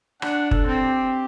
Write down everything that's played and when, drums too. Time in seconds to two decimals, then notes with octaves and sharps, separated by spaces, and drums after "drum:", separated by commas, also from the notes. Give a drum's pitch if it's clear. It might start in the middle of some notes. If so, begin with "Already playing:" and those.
0.22 D4 F#5, drum: rim click
0.51 A4, drum: kick
0.66 C4
0.81 G4